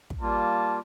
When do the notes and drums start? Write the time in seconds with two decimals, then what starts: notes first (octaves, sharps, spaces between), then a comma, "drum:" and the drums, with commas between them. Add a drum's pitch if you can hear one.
0.10 drum: kick
0.21 G3 A#3 F4 A5